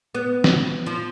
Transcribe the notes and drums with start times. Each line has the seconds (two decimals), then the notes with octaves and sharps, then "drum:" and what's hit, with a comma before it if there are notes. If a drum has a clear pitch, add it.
0.14 B3
0.44 drum: snare
0.86 F3